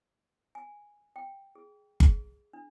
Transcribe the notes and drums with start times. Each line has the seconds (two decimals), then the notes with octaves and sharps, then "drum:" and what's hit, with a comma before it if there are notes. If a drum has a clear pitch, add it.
0.55 G#5
1.16 G5
1.55 G#4
2.00 G#4, drum: kick G1
2.53 D4